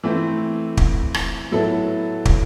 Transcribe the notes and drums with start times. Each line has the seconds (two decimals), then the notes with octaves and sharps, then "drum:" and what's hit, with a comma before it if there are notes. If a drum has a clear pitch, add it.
0.04 E3 A3 C4
0.77 drum: kick
1.14 drum: rim click
1.51 A2 F#3 B3 E4 A4
2.25 drum: kick